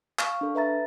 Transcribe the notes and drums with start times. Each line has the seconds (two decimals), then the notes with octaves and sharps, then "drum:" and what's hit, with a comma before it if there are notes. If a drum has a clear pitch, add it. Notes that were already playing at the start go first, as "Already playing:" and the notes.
0.19 F5 C#6 F6, drum: clap
0.41 D4 A4
0.55 B4 E5 A#5 A6